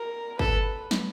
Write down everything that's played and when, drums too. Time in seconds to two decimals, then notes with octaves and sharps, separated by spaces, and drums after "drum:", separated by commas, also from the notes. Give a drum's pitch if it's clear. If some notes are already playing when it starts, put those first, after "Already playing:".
Already playing: A#4
0.39 A4 B4, drum: kick
0.91 drum: snare